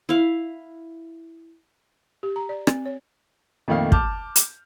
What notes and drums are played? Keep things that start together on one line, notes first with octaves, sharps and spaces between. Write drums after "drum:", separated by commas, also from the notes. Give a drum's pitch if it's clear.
E4 F5
G4
A#5
D5
C4, drum: rim click
C#5
F2 A#2 D#3 A3 F5
A5 D6 F6 G6, drum: kick
drum: hi-hat